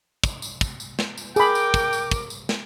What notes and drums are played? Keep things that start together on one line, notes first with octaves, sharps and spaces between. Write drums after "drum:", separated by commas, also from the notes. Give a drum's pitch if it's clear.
drum: kick, tambourine
drum: tambourine
drum: kick, tambourine
drum: tambourine
drum: snare
drum: tambourine
G#4 A#4 G5 B5 D6, drum: tambourine
drum: tambourine
drum: kick, tambourine
drum: tambourine
drum: kick, tambourine
drum: tambourine
drum: snare